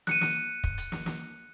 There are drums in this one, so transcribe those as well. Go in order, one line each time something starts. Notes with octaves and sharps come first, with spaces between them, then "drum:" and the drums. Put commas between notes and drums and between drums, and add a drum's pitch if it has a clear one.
F#6 C#7 D#7, drum: snare
drum: snare
drum: kick
drum: hi-hat
drum: snare
drum: snare